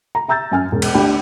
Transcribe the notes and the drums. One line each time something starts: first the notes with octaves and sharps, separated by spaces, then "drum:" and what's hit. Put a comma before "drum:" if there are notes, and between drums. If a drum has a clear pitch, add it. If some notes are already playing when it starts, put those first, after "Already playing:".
A#5
E5 A#5 E6 G6 A6
F#2 G#5 F6
E1
drum: cymbal
D2 D4 G4 G5 B5